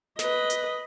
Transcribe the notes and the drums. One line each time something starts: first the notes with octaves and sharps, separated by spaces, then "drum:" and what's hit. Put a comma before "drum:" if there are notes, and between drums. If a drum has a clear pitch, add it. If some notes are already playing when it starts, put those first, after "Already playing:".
B4 D#5, drum: snare
drum: hi-hat